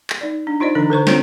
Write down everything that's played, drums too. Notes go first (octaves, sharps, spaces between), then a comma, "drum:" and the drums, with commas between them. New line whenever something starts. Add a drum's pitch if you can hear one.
drum: clap
D#4 D5
D4
D#4 F4 C5 D5 D#5
D3 E3 D4 D#4 A#5
D3 B4 C5 C#6
C4 D4 F4 C5 C#5 A#5, drum: snare